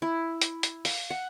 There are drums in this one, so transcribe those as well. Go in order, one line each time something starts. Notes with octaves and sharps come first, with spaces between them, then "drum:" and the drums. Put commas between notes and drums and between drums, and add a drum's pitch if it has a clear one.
E4
drum: hi-hat
drum: hi-hat
F5, drum: open hi-hat
F#5